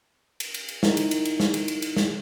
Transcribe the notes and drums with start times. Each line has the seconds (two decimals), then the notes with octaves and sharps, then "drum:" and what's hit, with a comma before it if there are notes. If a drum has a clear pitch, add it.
0.40 drum: cymbal
0.54 drum: cymbal
0.69 drum: cymbal
0.83 D#4 E4 A#4, drum: snare
0.97 drum: cymbal
1.11 drum: cymbal
1.25 drum: cymbal
1.40 drum: snare
1.54 drum: cymbal
1.68 drum: cymbal
1.82 drum: cymbal
1.96 drum: snare